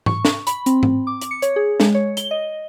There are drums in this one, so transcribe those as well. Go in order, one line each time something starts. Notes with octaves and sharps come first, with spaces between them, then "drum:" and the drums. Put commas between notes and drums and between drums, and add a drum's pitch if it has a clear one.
C#6, drum: tom G#2
drum: snare
B5, drum: hi-hat
C4, drum: hi-hat
drum: tom G#2
D6
drum: hi-hat
C#7
C#5, drum: hi-hat
G#4
G#3, drum: snare
C#5
G7, drum: hi-hat
D#5